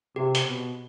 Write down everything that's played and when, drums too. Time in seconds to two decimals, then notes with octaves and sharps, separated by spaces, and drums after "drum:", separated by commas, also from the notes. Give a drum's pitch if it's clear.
0.16 C3 G4
0.35 drum: hi-hat
0.46 B2